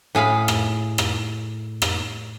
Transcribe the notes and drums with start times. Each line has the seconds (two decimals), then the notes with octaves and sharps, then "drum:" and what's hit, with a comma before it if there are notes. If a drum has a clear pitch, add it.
0.15 A2 G#4 F5 B5
0.48 drum: rim click
0.98 drum: rim click
1.82 drum: rim click